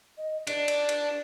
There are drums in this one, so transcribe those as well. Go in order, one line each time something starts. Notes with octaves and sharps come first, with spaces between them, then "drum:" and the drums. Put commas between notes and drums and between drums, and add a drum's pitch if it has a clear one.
D#5
D4 D5, drum: cymbal
drum: cymbal
drum: cymbal